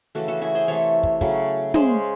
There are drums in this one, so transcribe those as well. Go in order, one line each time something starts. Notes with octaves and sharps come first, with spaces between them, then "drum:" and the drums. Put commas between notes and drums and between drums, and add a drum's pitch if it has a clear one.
C#3 E3 A3 F#4 A4
F#4 A4
E4 G#4
G#4 C5
C3 E3 A3 A4 C#5
drum: kick
C#3 F#3 A3, drum: kick
C#3 G#3 G#4 C5, drum: tom